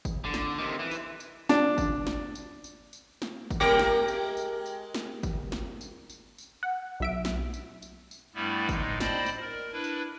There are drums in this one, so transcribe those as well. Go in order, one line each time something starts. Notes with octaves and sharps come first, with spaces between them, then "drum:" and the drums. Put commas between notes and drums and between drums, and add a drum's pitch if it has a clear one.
drum: kick, tambourine
D3
drum: snare
C3 D#3
E3
drum: tambourine
drum: tambourine
D4, drum: snare
drum: kick, tambourine
drum: snare
drum: tambourine
drum: tambourine
drum: tambourine
drum: snare
drum: kick, tambourine
G#3 G4 A#4
drum: snare
drum: tambourine
drum: tambourine
drum: tambourine
drum: snare
drum: kick, tambourine
drum: snare
drum: tambourine
drum: tambourine
drum: tambourine
F#5
B1 E5 D7
drum: snare
drum: tambourine
drum: tambourine
drum: tambourine
G2 G3 A3 B3 E4
A2 G#3 D#4, drum: kick, tambourine
C5 D5 D#5 G5 A5 B5, drum: snare
drum: tambourine
A#4
D4 E4 B4
drum: tambourine